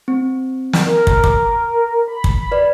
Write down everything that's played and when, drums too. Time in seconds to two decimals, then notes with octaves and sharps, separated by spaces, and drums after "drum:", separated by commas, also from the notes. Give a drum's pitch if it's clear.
0.08 C4
0.73 drum: snare
0.84 A#4
1.07 drum: kick
1.24 D6, drum: kick
2.08 B5
2.24 drum: kick
2.52 B4 D5